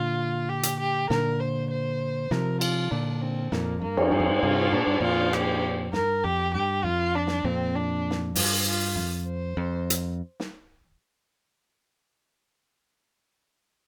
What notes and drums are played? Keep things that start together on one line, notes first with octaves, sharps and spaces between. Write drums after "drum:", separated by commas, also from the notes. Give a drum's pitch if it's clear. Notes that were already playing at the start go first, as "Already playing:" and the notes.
Already playing: A#2 D3 F4
G4
drum: hi-hat
G4
A#2 D3 A#4, drum: snare
C5
C5
C3 F3 A#4, drum: snare
F4, drum: cymbal
A#2 D3 D4
C4
F2 A#2 A#3, drum: snare
G2 A#3
F2, drum: cymbal
G2 C4
F2
G2
G2 C3 F4
A#2 D4
G2
F2 A#2 F4
G4, drum: rim click
G2 A#4, drum: snare
F2 G4
G2 G4
F2 F4
D4
drum: snare
F2 A#2 C4
D4
drum: snare
G2 F4, drum: open hi-hat
F4
F2
C5
F2
drum: hi-hat
drum: snare